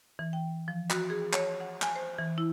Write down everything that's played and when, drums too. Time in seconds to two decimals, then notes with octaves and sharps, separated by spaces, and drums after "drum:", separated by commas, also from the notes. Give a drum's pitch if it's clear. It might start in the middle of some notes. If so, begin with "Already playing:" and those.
0.19 E3
0.33 G5
0.68 F3
0.90 F#4, drum: clap
1.10 G#4
1.33 C#5, drum: clap
1.60 F#5
1.82 G#5, drum: clap
1.96 C5
2.19 E3
2.38 E4